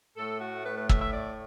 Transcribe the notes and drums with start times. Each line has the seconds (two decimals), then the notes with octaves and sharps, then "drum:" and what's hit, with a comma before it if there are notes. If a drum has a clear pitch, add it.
0.16 A2 A3 A4
0.41 F#4
0.66 B4
0.77 B4
0.89 E5, drum: kick
1.02 E5
1.13 D5